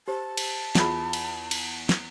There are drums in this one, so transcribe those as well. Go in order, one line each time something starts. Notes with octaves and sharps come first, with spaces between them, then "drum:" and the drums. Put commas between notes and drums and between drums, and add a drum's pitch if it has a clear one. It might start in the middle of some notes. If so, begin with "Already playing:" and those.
G4 C5 A5
drum: cymbal
E2 F4 G#4 E5 B5, drum: snare
drum: cymbal
drum: cymbal
drum: snare